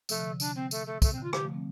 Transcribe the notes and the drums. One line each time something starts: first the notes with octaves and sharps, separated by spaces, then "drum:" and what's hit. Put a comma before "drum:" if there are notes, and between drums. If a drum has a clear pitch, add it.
C3 F3 A3, drum: tambourine
D3
C3
D4, drum: tambourine
C4
A3, drum: tambourine
A3
C3 A3, drum: kick, tambourine
C4
D3 F4
D3 G4, drum: rim click
F3 A3
G3 C4